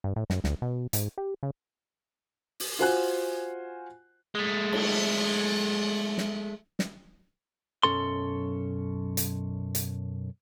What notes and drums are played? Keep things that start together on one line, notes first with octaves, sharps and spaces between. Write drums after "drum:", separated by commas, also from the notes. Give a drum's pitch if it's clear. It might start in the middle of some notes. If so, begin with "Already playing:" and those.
G2
A2
F#2, drum: snare
D2, drum: snare
B2
G#2, drum: hi-hat
G4
C#3
drum: open hi-hat
F4 F#4 C5 F#5 G#5 F#6
G#3 A3
drum: cymbal
drum: snare
drum: snare
B1 F#2 A#2 C#4 A4 C6
drum: hi-hat
drum: hi-hat